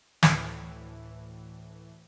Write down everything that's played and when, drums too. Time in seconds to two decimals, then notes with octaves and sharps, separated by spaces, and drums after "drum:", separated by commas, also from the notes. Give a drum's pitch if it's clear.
0.23 D2 A2 E3, drum: snare